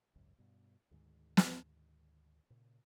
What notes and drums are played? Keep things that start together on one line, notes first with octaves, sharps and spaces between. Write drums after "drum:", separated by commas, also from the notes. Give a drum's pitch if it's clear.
G#1 C#2 F#2
G2 B2
D2 G#2 D#3 G#3
drum: snare
A#2 C#3